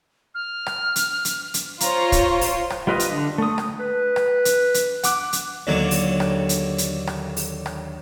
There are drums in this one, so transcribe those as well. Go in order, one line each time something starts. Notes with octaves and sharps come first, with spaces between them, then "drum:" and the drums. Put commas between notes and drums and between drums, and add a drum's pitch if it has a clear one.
F6
drum: rim click
drum: hi-hat
drum: hi-hat
drum: hi-hat
F4 C5 C#5 A#5, drum: hi-hat
drum: kick, hi-hat
drum: open hi-hat
drum: rim click
G3 F4 B4 D#5
drum: hi-hat
D3
A3 D#6
drum: rim click
B4
drum: rim click
drum: hi-hat
drum: hi-hat
F#5 D6 F#6, drum: hi-hat
drum: hi-hat
D#2 D3 F#3 A#3
drum: open hi-hat
drum: rim click
drum: hi-hat
drum: hi-hat
drum: rim click
drum: open hi-hat
drum: rim click